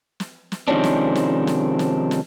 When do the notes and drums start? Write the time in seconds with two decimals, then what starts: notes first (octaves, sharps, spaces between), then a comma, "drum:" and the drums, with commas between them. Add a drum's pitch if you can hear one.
0.20 drum: snare
0.52 drum: snare
0.68 C3 D#3 F3 G#3 C#4 D4
0.84 drum: snare
1.15 drum: snare
1.47 drum: snare
1.79 drum: snare
2.11 drum: snare